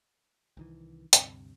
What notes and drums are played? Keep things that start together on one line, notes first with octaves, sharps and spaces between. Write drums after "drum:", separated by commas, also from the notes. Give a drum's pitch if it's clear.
C2 D#3 E3
D2 G2 C3, drum: hi-hat